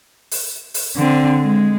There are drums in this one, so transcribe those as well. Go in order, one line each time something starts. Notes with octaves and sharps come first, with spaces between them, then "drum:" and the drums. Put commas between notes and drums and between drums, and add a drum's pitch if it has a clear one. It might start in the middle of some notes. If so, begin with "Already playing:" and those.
drum: open hi-hat
drum: open hi-hat
D3 C4
G#3